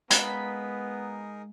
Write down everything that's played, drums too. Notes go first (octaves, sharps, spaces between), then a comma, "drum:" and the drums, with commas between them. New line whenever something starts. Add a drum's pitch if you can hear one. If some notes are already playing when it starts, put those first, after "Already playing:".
G#3 B3 D#4 G#4 A#4 F5 B5, drum: hi-hat